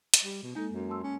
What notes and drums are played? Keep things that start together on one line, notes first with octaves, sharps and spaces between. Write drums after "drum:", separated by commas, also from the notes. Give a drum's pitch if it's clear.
drum: hi-hat
G3
B2
G#3 A#3 D#4 A4
F#2
A5 C6 E6
C#4